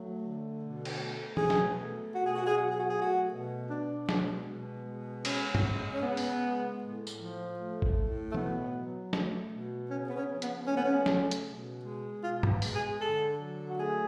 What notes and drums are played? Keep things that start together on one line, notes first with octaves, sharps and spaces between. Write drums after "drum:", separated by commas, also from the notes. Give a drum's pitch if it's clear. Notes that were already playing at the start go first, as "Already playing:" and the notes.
Already playing: F#3 A3
D3
B2
drum: cymbal
A3
B2 G#4, drum: tom E3
drum: snare
A3
B2 F#4
G#4
F#4
G#4
F#3 F#4
G#4
F#4
A3 G#4
F#4
B2
B2 D4
G#3, drum: snare
B2
G#3
C#3 C#4, drum: cymbal
drum: tom G2
G#3
C#4
C#3 B3
drum: open hi-hat
G#3
A2
drum: tambourine
F3
A3
drum: kick
A2
A3
B2 B3, drum: tom E3
F#3
A3, drum: snare
B2
C#3 C#4
B3
C#4
F3
B3, drum: hi-hat
A3 C#4
B3
C#4
C#3, drum: snare
drum: hi-hat
B2
G#3
B2 F4
drum: tom G2
G#3, drum: open hi-hat
G#4
D3 A4
F#3
F#4
A3 G#4